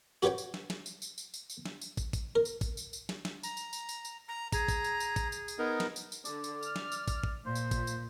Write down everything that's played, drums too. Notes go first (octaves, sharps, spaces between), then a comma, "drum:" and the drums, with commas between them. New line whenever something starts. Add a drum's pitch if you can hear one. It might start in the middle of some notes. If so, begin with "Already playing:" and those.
F#4 G4 B4 C#5 G5, drum: tambourine
drum: tambourine
drum: snare
drum: snare
drum: tambourine
drum: tambourine
drum: tambourine
drum: tambourine
drum: tambourine
drum: snare
drum: tambourine
drum: kick, tambourine
drum: kick, tambourine
A#4
drum: tambourine
drum: kick, tambourine
drum: tambourine
drum: tambourine
drum: snare
drum: snare
A#5, drum: tambourine
drum: tambourine
drum: tambourine
drum: tambourine
drum: tambourine
A#5
G#4 A#5, drum: kick, tambourine
drum: kick, tambourine
drum: tambourine
drum: tambourine
drum: kick, tambourine
drum: tambourine
drum: tambourine
B3 D#4 A#4
drum: snare
drum: tambourine
drum: tambourine
D3 D5, drum: tambourine
drum: tambourine
F6, drum: tambourine
drum: snare
drum: tambourine
drum: kick, tambourine
drum: kick
A#2 C5
drum: tambourine
drum: kick, tambourine
drum: tambourine